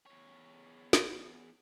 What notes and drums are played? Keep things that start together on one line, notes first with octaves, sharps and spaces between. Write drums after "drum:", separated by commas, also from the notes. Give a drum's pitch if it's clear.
E2 C#5
drum: snare